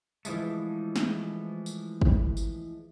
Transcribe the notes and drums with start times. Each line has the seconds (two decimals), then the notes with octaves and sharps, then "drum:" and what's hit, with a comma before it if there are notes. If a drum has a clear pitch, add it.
0.25 E3 F3 G#3 A3, drum: tambourine
0.96 drum: snare
1.66 drum: tambourine
2.02 drum: kick
2.37 drum: tambourine